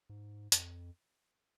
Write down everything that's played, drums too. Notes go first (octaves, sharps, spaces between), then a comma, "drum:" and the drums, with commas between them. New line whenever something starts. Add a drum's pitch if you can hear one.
G#2
F2, drum: hi-hat